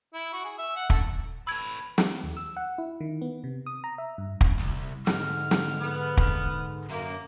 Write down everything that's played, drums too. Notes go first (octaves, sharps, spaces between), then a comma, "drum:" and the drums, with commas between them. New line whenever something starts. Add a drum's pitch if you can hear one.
E4
F#4
G#4
E5
F#5
A4, drum: kick
A4 B4 E6 G#6
drum: snare
D#2
E6
F#5
E4
D#3
B3
C3
D#6
A#5
E5
G2
drum: kick
C2
G#2 D3 F6, drum: snare
drum: snare
B3
drum: kick
F#2 A#3